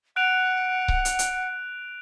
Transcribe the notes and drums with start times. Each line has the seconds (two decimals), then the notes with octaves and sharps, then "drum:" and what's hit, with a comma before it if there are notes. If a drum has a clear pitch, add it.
0.16 F#5 F#6 D7 F7
0.88 drum: kick C#1
1.05 drum: hi-hat
1.19 drum: hi-hat